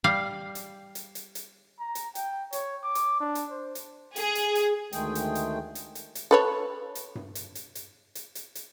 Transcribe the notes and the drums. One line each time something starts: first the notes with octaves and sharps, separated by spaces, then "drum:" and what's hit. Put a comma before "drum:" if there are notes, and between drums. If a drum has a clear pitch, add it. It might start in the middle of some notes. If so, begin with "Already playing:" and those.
G3 F5
drum: hi-hat
drum: hi-hat
drum: hi-hat
drum: hi-hat
A#5
drum: hi-hat
G5, drum: hi-hat
C#5, drum: hi-hat
D6
drum: hi-hat
D4
drum: hi-hat
C5
drum: hi-hat
G#4, drum: hi-hat
drum: hi-hat
drum: hi-hat
D2 D#3 G#3 A3 G#4 G5, drum: hi-hat
drum: hi-hat
drum: hi-hat
drum: hi-hat
drum: hi-hat
drum: hi-hat
A4 B4 C#5
drum: hi-hat
drum: tom G2
drum: hi-hat
drum: hi-hat
drum: hi-hat
drum: hi-hat
drum: hi-hat
drum: hi-hat